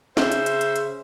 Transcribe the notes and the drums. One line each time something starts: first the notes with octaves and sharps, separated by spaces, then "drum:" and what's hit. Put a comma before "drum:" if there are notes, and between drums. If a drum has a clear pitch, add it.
C#3 C5 E5, drum: snare
drum: hi-hat
drum: hi-hat
drum: hi-hat
drum: hi-hat